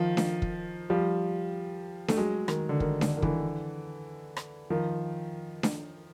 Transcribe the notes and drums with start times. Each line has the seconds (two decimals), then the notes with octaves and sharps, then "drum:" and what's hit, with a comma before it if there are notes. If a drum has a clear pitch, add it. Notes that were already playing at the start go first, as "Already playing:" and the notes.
Already playing: D#3 F3
0.17 drum: snare D4
0.42 drum: kick
0.90 F3 G3
2.08 A3, drum: snare D4
2.17 F#3 G#3
2.48 D#3, drum: rim click
2.69 D3
2.80 D#3, drum: kick
3.01 D3, drum: snare D4
3.17 D#3
3.22 D3 E3, drum: kick
4.37 drum: rim click
4.70 D#3 F3
5.63 drum: snare D4